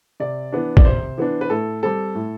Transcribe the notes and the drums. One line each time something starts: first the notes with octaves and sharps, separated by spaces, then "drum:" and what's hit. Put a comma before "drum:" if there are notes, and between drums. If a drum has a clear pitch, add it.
C3 D5
E3 B3 D4
D5, drum: kick
C3 C5
E3 B3 D4
B4
A2 A4
G3 C4 A4
A2